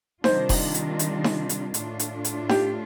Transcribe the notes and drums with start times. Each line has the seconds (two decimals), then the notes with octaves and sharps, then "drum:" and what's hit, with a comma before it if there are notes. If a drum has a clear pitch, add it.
0.24 C3 D#3 G3 D4 F4 C5, drum: snare D#4
0.49 drum: kick E1, open hi-hat
0.74 drum: hi-hat
0.99 drum: hi-hat
1.24 drum: snare D#4
1.49 drum: hi-hat
1.74 A2 A3 D4 F4, drum: hi-hat
1.99 drum: hi-hat
2.24 drum: hi-hat
2.49 G4, drum: snare D#4